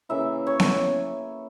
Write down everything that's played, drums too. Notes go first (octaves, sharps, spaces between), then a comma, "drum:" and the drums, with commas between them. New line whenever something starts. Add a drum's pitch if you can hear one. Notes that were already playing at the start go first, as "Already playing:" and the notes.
C#3 E3 A#3 E4 E5
C#5
drum: snare B3